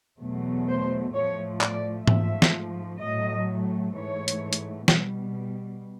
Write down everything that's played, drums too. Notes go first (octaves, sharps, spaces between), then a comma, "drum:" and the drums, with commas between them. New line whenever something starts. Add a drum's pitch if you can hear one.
E2 B2 F#3 A3
C5
A2 F3 A3 C#5
D5, drum: clap
G#2 F3 A3 E5, drum: tom G#2
drum: snare
A2 F#3 A3 D#5
G#2 E3 A3 C#5
drum: hi-hat
drum: hi-hat
B2 G3, drum: snare